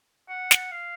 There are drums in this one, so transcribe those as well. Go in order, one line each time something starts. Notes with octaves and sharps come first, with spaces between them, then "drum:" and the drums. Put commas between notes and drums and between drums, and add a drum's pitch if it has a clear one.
F#5
drum: snare
F5